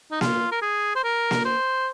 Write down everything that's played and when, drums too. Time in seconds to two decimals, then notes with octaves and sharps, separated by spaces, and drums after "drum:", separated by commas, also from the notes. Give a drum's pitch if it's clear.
0.11 D#4
0.21 F4, drum: snare A#3
0.52 A#4
0.62 G#4
0.96 C5
1.04 A#4
1.31 drum: snare A#3
1.45 C5